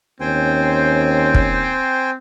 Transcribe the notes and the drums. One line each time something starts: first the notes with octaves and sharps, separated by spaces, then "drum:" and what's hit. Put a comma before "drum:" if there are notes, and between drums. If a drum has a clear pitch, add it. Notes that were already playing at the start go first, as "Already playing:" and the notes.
D#2 C4 C#4 C5 G5 G#5
drum: kick